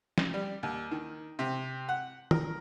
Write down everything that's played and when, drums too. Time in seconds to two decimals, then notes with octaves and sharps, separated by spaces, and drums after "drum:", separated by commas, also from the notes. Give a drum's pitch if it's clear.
0.18 drum: snare
0.34 G3
0.63 D#2
0.91 D#3
1.39 C3
1.89 F#5
2.31 A#4, drum: tom